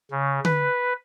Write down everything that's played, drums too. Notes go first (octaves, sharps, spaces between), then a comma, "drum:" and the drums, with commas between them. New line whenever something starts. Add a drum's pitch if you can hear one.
C#3
B4, drum: tom D3